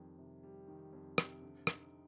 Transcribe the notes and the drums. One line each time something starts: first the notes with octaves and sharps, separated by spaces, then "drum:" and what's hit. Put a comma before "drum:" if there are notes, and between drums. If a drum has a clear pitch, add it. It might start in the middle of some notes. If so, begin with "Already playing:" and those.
Already playing: F2 D#3 G3
C3
G3
D#3
F2
C3, drum: rim click
D3
D#4, drum: rim click